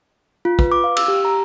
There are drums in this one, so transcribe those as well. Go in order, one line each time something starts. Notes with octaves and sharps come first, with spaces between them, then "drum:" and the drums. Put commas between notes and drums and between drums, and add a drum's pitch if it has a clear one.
F4
B4, drum: kick
D6
F5
E6, drum: cymbal
G4
A#5